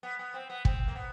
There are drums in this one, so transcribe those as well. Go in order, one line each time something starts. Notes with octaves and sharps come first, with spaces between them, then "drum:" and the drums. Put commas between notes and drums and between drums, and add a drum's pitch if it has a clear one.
B3
B3
C4
B3
C4, drum: kick
A#3
B3